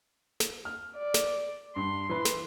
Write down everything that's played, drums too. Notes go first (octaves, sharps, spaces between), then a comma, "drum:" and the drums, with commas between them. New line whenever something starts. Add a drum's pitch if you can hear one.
drum: snare
F6
D5
drum: snare
G2 C6
E3 B4
drum: snare